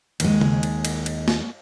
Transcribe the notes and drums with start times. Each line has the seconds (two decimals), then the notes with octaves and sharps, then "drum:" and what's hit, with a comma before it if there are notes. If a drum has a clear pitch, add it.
0.20 D#2 G#3, drum: cymbal
0.41 drum: tom C#3
0.63 drum: cymbal
0.85 drum: cymbal
1.06 drum: cymbal
1.28 drum: snare